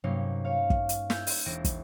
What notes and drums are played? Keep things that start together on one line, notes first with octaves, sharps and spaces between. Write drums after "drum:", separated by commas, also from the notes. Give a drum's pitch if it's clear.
G2 C3 F#3 A#3 C#4 D#4
C#5 F5
drum: kick
drum: hi-hat
E6 F6 G6 G#6, drum: snare
drum: open hi-hat
E1 E4 A#6 D7
drum: kick, hi-hat